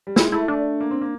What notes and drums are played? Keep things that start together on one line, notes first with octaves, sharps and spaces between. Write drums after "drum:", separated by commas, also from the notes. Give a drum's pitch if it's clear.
G3
G#3 E4, drum: snare
A3 E4
A3 D4
A#3
C4
A#3